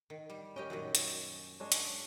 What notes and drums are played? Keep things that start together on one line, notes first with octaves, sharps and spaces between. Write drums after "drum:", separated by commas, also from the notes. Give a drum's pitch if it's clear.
D#3
G3
C#4 G4 A#4 D#5 G5
F#2 A#2 D#3 F#4
drum: hi-hat
G#3 D4 C#5
drum: hi-hat